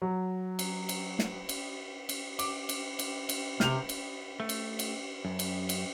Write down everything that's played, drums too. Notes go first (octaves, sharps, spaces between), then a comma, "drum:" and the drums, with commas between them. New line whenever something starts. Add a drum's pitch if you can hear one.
F#3
drum: cymbal
drum: cymbal
drum: snare
drum: cymbal
drum: cymbal
D6, drum: cymbal
drum: cymbal
drum: cymbal
drum: cymbal
C3 F6 G6 F7, drum: snare
drum: cymbal
A3
drum: cymbal
drum: cymbal
F#2
drum: cymbal
drum: cymbal